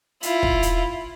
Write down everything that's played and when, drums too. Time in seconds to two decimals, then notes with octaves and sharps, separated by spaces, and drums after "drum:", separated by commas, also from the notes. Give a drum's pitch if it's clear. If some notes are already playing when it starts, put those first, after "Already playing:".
0.23 E4 F4, drum: hi-hat
0.43 drum: kick
0.63 drum: hi-hat